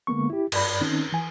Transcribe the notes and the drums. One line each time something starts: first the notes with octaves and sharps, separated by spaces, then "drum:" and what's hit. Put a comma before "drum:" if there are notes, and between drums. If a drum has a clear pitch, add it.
D3 G#3 A#3 B3 C#6
E4 G4
G2 D5 B5, drum: cymbal
D#3 C4 C#4 D#4
E3 G#5